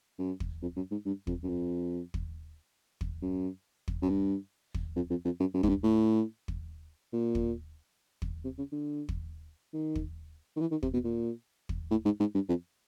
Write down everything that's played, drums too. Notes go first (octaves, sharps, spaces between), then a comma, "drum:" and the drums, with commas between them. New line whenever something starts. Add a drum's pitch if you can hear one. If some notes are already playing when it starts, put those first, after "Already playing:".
F#2
drum: kick
F2
F#2
G#2
G2
F2, drum: kick
F#2
F2
drum: kick
drum: kick
F#2
drum: kick
F#2
G2
drum: kick
F2
F2
F2
F#2
F#2
G#2, drum: kick
G2
A2
drum: kick
A#2
drum: kick
drum: kick
C3
C#3
D3
drum: kick
D#3
drum: kick
D#3
E3
D#3
C3, drum: kick
B2
A#2
drum: kick
A2
G#2
G#2
G2
F2